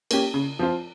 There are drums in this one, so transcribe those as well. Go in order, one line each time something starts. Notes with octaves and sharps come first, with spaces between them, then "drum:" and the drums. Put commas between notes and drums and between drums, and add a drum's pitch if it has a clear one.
A#3 C#4 G4, drum: cymbal
C#3
F3 C4 F4